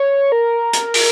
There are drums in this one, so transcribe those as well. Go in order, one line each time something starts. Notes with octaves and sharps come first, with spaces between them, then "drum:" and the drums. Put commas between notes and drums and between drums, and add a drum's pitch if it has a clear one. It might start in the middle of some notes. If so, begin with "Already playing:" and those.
Already playing: C#5
A#4
drum: hi-hat
drum: open hi-hat